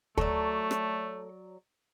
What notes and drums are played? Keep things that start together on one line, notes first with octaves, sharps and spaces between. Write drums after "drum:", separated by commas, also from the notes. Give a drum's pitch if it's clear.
F#3 A3 A4 D5, drum: kick
drum: rim click